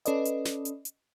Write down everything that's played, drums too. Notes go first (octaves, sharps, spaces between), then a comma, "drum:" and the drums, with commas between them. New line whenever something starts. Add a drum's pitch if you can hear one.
C#4 A4 B4 D5 D#5, drum: hi-hat
drum: hi-hat
drum: snare
drum: hi-hat
drum: hi-hat